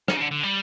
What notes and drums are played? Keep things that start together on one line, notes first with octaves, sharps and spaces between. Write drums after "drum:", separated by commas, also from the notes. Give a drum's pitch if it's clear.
D#3, drum: rim click
C#3
D3
D3
G3